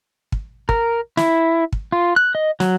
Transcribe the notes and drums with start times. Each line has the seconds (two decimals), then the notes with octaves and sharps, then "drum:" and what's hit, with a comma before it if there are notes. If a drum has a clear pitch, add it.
0.32 drum: kick
0.69 A#4, drum: kick
1.17 E4, drum: snare
1.73 drum: kick
1.92 F4
2.16 F#6
2.35 D#5
2.60 F#3, drum: snare